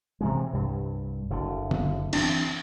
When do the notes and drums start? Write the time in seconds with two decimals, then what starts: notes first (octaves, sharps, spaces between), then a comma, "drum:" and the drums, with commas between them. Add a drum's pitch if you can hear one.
0.21 C3 E3 G#3
0.53 C2 G2
1.30 F#1 D3
1.71 drum: tom D3
2.13 E3 C4 D4, drum: cymbal